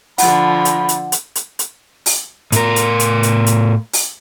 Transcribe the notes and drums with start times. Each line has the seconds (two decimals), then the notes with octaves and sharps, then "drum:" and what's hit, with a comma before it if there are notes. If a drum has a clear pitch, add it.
0.18 D3 F3 F#5 B5, drum: open hi-hat
0.65 drum: hi-hat
0.89 drum: hi-hat
1.12 drum: hi-hat
1.35 drum: hi-hat
1.59 drum: hi-hat
2.06 drum: open hi-hat
2.52 A2 A#4, drum: hi-hat
2.76 drum: hi-hat
3.00 drum: hi-hat
3.23 drum: hi-hat
3.46 drum: hi-hat
3.93 drum: open hi-hat